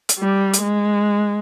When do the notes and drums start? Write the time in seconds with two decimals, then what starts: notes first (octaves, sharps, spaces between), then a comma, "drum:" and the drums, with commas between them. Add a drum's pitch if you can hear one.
0.09 drum: hi-hat
0.18 G3
0.54 drum: hi-hat
0.63 G#3